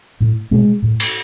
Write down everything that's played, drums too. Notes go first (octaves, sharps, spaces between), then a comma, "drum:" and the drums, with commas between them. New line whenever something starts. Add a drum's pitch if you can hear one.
A2
B2 G#3
A2
drum: cymbal